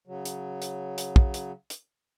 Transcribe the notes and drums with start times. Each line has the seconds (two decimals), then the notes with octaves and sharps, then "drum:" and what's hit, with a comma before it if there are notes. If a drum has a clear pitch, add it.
0.07 C#3 F#3
0.25 drum: hi-hat
0.62 drum: hi-hat
0.98 drum: hi-hat
1.16 drum: kick
1.34 drum: hi-hat
1.70 drum: hi-hat